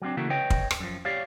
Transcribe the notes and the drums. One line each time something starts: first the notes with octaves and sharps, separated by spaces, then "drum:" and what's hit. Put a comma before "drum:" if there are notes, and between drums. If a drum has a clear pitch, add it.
F#3 G3 C4 D4
C#3 E3 A3 A#3 F#4
B4 C#5 D#5 G5
drum: kick
drum: rim click
F#2 F3
G4 C#5 D5 F5